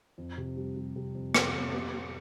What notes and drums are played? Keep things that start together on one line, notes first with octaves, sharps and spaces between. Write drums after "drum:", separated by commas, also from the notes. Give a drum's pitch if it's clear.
F2
C3
G3
G3
C3
F2
F2, drum: rim click
F2
G4
G4